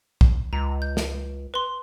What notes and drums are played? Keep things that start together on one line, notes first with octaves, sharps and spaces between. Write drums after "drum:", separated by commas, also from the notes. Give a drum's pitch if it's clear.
drum: kick B1
C#2 A#5
G6
drum: snare
B4 C6